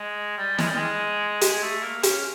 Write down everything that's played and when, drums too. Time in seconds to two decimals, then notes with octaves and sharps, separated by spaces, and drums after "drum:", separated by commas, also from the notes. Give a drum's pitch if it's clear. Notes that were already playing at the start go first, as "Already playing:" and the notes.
Already playing: G#3
0.38 G3
0.58 G#3, drum: snare
0.68 G3
0.77 G#3
1.41 drum: hi-hat
1.53 G#3
1.63 A3
1.83 A#3
2.03 C#4, drum: hi-hat